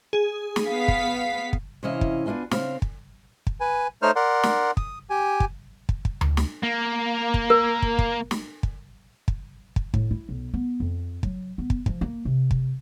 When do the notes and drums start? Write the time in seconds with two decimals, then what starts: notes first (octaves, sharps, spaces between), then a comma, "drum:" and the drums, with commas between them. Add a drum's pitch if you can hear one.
0.13 G#4
0.56 drum: snare
0.66 B3 F5 B6
0.88 drum: kick
1.53 drum: kick
1.83 C3 E3 C#4 E4 D#5 F5
2.01 drum: kick
2.26 B3 D4 F4 D#5 G#5
2.51 C#3 C4 F5, drum: snare
2.82 drum: kick
3.47 drum: kick
3.60 B4 G#5
4.02 A3 D#4 C5 C#5 F6
4.16 A#4 D5 F#5 C6
4.43 drum: snare
4.77 D#6, drum: kick
5.10 G4 G#5
5.40 drum: kick
5.89 drum: kick
6.05 drum: kick
6.21 drum: tom D2
6.37 drum: snare
6.63 A#3
7.34 drum: kick
7.50 A#4
7.82 drum: kick
7.99 drum: kick
8.31 drum: snare
8.63 drum: kick
9.28 drum: kick
9.76 drum: kick
9.94 A2, drum: kick
10.11 E4
10.29 B1
10.54 B3
10.80 F2
11.23 F#3, drum: kick
11.58 B3
11.70 drum: kick
11.86 F3, drum: kick
12.01 A#3
12.25 C3
12.51 drum: kick